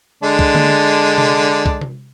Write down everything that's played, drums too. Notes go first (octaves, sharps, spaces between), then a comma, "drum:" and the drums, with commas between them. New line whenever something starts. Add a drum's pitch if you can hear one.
D3 G#3 D4
drum: kick
drum: tom D3
drum: tom C3
drum: kick
drum: tom C3